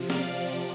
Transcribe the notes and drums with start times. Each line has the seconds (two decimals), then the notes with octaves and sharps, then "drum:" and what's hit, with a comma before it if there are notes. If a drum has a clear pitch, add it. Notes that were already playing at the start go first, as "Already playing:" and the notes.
Already playing: C3 F3
0.10 D5 F5, drum: snare
0.38 C3 F3 D5